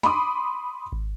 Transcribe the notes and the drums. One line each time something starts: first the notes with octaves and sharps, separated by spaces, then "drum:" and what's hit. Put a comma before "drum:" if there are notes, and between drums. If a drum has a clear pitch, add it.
B5 C6 D6 D#6, drum: snare
drum: kick G#1